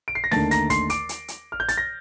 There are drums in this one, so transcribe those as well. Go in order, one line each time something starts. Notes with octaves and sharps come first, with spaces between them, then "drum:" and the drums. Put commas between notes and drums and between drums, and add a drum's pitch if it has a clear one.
D7
C7
A#6
D#2 D3 A3 D#4 A5 A6, drum: snare C#4
A#5 A#6, drum: hi-hat
C6 C7, drum: kick, hi-hat
D6 D7, drum: hi-hat
drum: hi-hat
drum: hi-hat
F6
G6
A6, drum: hi-hat
A#6